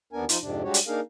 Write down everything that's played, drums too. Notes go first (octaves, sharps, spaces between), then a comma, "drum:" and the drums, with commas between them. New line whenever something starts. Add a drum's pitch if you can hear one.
D#2 B3 D4 A#4 G#5
F3 D#4 F4, drum: hi-hat
F2 G#2 C3 D4
G3 G#3 D4 F#4 G4 C#5
drum: hi-hat
A#3 D4 D#4 G#4 A#4 F5